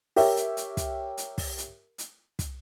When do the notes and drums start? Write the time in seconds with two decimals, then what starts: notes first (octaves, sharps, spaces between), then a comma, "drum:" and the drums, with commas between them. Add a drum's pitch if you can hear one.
0.16 G4 A#4 C#5 E5, drum: open hi-hat
0.37 drum: hi-hat
0.57 drum: hi-hat
0.77 drum: kick, hi-hat
1.17 drum: hi-hat
1.38 drum: kick, open hi-hat
1.58 drum: hi-hat
1.98 drum: hi-hat
2.39 drum: kick, hi-hat